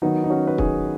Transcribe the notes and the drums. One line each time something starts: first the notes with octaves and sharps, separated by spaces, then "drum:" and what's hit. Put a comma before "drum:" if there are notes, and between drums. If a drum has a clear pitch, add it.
D#3 F#3 B3 D#4
D#4
C#4 F#4
B4
D#4 G#4, drum: kick